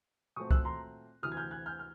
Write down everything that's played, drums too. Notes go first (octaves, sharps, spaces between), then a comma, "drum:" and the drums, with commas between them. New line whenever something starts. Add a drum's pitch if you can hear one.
A#2 F#3 A3 C4 C#6 D#6
E6 F#6, drum: kick
A#5 C6
D2 C3 E3 D#6 F6
G#6
F6 G6
F#6 G#6
F6 G6
F6